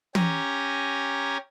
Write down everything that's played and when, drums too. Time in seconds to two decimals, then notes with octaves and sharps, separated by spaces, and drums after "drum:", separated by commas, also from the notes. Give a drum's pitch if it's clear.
0.15 C#4 G4 G#5 A#5, drum: tom